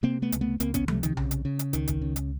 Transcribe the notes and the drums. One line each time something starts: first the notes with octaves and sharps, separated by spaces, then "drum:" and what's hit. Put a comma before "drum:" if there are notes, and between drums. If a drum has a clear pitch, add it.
C3 A#3 C4
A3 B3
C#2, drum: hi-hat
A3 B3
C#2 A#3 C4, drum: hi-hat
B3 C#4, drum: kick G#1, hi-hat
C3 G3 A3, drum: tom F3
D#3, drum: hi-hat
C#3, drum: tom B1
drum: hi-hat
C#3
drum: hi-hat
C#2 D#3, drum: hi-hat
drum: kick G#1, hi-hat
C#3
drum: hi-hat